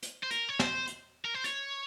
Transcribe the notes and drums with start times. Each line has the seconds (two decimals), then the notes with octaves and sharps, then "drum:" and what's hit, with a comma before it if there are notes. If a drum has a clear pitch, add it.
0.03 drum: hi-hat
0.23 C5
0.31 A#4, drum: hi-hat
0.49 C#5
0.60 C5, drum: snare
0.87 drum: hi-hat
1.25 A#4
1.34 C5
1.44 C#5, drum: hi-hat